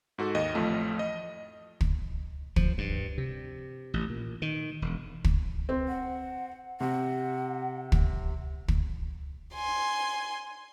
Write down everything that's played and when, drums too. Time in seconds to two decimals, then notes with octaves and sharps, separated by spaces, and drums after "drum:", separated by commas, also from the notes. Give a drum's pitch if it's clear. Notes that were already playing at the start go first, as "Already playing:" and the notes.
0.18 G#2 F#4 A4
0.35 D#2 D#5
0.55 A1 F2 F3 A3
0.99 D#5
1.81 drum: kick
2.56 F3, drum: kick
2.78 G2
3.18 C3
3.94 A1
4.10 A#2
4.42 D#3
4.82 E1
5.24 drum: kick
5.69 C4
5.88 F#5
6.80 C3 F#5
7.92 drum: kick
8.68 drum: kick
9.55 G#5 C6